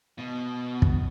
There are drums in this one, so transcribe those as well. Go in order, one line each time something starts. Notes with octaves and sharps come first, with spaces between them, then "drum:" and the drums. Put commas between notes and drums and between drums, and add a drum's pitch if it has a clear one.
B2
drum: kick